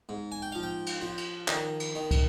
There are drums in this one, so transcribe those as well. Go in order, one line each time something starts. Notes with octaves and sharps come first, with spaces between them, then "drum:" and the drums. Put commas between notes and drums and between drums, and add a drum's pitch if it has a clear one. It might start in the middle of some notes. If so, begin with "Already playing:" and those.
G#2
G#5
G5
F3 F5
G5
drum: cymbal
F3
drum: cymbal
D#3 D#5, drum: clap
drum: cymbal
D#3
drum: kick, cymbal